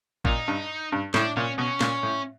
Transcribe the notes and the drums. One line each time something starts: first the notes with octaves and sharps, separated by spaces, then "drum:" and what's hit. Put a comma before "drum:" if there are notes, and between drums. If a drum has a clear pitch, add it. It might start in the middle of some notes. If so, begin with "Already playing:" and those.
A#2 D#4, drum: kick A1
G2
G2
A2 D4, drum: snare
A#2 C#4
B2 C#4
A#2, drum: snare
A2